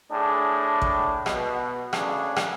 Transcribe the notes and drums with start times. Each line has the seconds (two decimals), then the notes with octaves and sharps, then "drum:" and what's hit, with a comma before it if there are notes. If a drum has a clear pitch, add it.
0.12 A2 D4 G#4
0.82 drum: kick
1.26 B2, drum: rim click
1.93 A1 C#3 D4 G#4, drum: rim click
2.36 drum: rim click